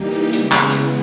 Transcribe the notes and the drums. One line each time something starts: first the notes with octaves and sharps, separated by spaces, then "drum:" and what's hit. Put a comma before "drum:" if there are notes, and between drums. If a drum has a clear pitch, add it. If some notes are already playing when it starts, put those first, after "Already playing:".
Already playing: E3 G3 A#3 D#4 G4
C#3 E3 G#3 B3, drum: hi-hat
drum: clap
drum: hi-hat